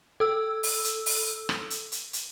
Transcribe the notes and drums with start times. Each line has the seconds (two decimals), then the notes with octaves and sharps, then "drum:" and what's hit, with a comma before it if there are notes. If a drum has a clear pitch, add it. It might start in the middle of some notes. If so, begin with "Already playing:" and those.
0.20 A4 E6
0.63 drum: open hi-hat
0.85 drum: hi-hat
1.06 drum: open hi-hat
1.49 drum: rim click
1.70 drum: hi-hat
1.92 drum: hi-hat
2.13 drum: hi-hat